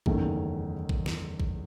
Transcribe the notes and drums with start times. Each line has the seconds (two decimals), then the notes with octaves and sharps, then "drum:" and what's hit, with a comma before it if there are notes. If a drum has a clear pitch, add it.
0.06 F#1 E2 D#3 A3 C#4, drum: kick A#1
0.89 drum: kick A#1
1.06 drum: snare
1.40 drum: kick A#1